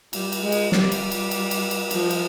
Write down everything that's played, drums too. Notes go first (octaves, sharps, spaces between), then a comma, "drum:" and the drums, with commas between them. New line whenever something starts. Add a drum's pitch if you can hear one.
G3, drum: cymbal
drum: cymbal
G#3
drum: cymbal
G3, drum: snare
drum: cymbal
drum: cymbal
drum: cymbal
drum: cymbal
drum: cymbal
F3, drum: cymbal
drum: cymbal